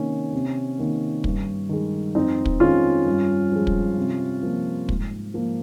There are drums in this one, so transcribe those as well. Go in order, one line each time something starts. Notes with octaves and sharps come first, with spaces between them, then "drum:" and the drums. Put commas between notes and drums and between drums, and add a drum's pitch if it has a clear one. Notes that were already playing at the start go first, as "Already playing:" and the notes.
Already playing: C3 D#3 A#3 C#4
C3
D#3 A#3
G2, drum: kick
D#3 G#3
F2 C4 D#4
drum: kick
D#3 G#3 C#4 F4
G2
F3 G#3
drum: kick
C3
F3 A#3
G#2, drum: kick
F3 A#3